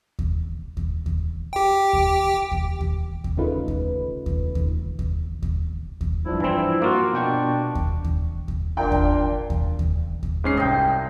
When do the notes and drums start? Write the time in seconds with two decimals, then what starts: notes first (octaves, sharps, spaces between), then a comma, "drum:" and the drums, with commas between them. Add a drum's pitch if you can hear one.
0.19 drum: kick D#2
0.77 drum: kick D#2
1.06 drum: kick D#2
1.53 G4 G5
1.93 drum: kick D#2
2.51 drum: kick D#2
2.81 drum: kick D#2
3.24 drum: kick D#2
3.37 C#3 A3 D#4 F4 B4
3.68 drum: kick D#2
4.26 drum: kick D#2
4.55 drum: kick D#2
4.99 drum: kick D#2
5.42 drum: kick D#2
6.01 drum: kick D#2
6.25 G2 F3 D4 E4
6.40 E3 C4 E4
6.82 A#3 F4 F#4
7.14 B2 D4 G5 C#6
7.75 drum: kick D#2
8.04 drum: kick D#2
8.48 drum: kick D#2
8.77 F#1 A#2 D4 G5
8.92 drum: kick D#2
9.50 drum: kick D#2
9.79 drum: kick D#2
10.23 drum: kick D#2
10.44 G#2 C#4 C7
10.57 C2 D#5 G5